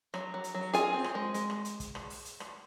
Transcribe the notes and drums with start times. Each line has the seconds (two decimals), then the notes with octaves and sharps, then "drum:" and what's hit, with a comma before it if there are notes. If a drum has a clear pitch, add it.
0.14 F#3, drum: rim click
0.34 F#3
0.44 drum: hi-hat
0.54 F#3
0.73 F4 G#4 G#5, drum: hi-hat
0.94 C4
1.04 drum: rim click
1.15 G#3
1.34 G#3, drum: hi-hat
1.50 drum: rim click
1.65 drum: hi-hat
1.80 drum: kick, hi-hat
1.95 drum: rim click
2.10 drum: open hi-hat
2.25 drum: hi-hat
2.40 drum: rim click